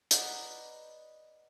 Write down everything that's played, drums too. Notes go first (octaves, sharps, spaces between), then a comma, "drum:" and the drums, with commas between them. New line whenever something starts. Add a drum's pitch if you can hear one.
B4 D5 D#5 F#5 A#5, drum: hi-hat